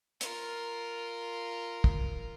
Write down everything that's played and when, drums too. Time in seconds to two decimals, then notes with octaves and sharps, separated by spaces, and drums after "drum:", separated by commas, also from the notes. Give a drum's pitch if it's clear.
0.21 F4 A#4, drum: hi-hat
1.84 drum: kick